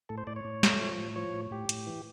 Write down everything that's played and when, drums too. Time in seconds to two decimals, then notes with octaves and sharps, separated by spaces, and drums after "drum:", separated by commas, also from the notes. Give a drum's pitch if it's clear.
0.09 A2 A4
0.18 C5
0.27 A2 D5
0.36 C#5
0.45 A2
0.63 A3, drum: snare
0.81 F3
0.98 A2
1.16 F3 C#5
1.33 A2
1.51 A2 G4
1.69 A2, drum: hi-hat
1.87 E3